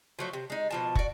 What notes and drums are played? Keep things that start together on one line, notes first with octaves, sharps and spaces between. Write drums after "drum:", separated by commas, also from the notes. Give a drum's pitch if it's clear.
F3 F#3 A3
C3
G#3 D#4
B2 F3 A5
F#4 D5, drum: kick